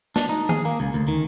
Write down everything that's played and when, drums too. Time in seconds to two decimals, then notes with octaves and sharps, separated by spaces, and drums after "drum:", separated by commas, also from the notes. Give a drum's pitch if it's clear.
0.16 D4, drum: snare
0.29 D#4
0.49 G#4, drum: tom D#3
0.65 A#3
0.80 C#2
0.94 D2
1.08 D#3